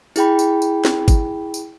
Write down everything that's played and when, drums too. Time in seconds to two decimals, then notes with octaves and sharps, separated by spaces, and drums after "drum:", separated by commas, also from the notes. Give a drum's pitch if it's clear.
0.16 E4 G#4 G5 B5, drum: tambourine
0.39 drum: tambourine
0.62 drum: tambourine
0.85 drum: snare
1.08 drum: kick, tambourine
1.54 drum: tambourine